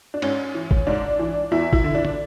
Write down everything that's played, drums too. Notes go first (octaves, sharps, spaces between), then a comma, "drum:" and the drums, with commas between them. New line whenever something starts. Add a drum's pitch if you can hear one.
D4
G#2 C#4, drum: cymbal
E3
drum: kick A1
G#2 D4
E3
E2 E4
E4, drum: kick A1
D3
D4
drum: tom